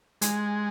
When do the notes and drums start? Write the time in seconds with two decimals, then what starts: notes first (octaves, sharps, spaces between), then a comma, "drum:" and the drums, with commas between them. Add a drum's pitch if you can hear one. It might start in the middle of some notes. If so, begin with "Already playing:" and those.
0.22 G#3, drum: hi-hat